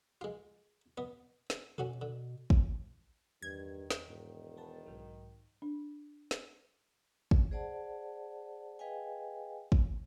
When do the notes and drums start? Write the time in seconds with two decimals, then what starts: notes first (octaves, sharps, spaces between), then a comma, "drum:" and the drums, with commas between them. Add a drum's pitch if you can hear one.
0.21 G#3 F4
0.98 B3 D#5
1.50 drum: snare
1.78 B2 C#4 F#4 A4
2.02 D3
2.50 drum: kick
3.42 E2 G2 D#3 G#6
3.90 drum: snare
4.09 E1 G#2
4.57 B3 B4 A5
4.86 B1 G#2 F#3
5.62 D4
6.31 drum: snare
7.31 drum: kick
7.51 G#4 C5 D5 F#5 A5
8.79 G#4 B4 D#5 F5 G5 G#5
9.72 drum: kick